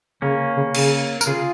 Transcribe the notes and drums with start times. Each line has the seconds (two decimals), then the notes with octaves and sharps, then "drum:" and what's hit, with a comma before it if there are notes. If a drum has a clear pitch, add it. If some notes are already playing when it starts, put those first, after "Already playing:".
0.22 C#3 A#3 C#4
0.57 C#3
0.75 C#3, drum: cymbal
1.21 A#4, drum: tambourine
1.27 C#3 F4 G#4